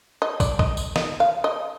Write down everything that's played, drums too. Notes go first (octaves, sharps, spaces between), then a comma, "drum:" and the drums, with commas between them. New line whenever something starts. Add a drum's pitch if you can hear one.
D#5
D5, drum: kick, tambourine
D#5, drum: kick
drum: tambourine
D#5, drum: snare
F5
D#5